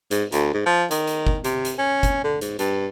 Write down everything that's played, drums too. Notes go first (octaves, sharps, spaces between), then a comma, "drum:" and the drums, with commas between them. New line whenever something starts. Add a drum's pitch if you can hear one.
G#2, drum: hi-hat
D2, drum: hi-hat
G#2
F3
D#3, drum: hi-hat
drum: hi-hat
drum: kick
C3, drum: hi-hat
drum: hi-hat
C#4
drum: kick, hi-hat
D3
G#2, drum: hi-hat
G2, drum: hi-hat